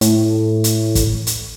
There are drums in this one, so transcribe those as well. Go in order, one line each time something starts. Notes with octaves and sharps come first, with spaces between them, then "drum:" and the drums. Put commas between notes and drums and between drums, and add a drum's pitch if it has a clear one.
A2, drum: hi-hat
drum: hi-hat
drum: kick, hi-hat
drum: hi-hat